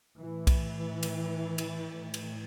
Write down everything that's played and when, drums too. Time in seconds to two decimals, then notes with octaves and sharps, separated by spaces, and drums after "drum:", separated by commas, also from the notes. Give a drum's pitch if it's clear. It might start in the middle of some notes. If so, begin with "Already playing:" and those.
0.19 A2 E3
0.47 drum: kick B1, cymbal
1.03 drum: cymbal
1.58 drum: cymbal
1.85 A2
2.14 drum: cymbal